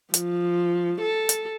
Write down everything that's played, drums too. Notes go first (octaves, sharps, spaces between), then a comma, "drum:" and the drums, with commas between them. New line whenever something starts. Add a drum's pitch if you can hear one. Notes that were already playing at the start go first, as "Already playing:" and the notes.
F3, drum: hi-hat
A4
drum: hi-hat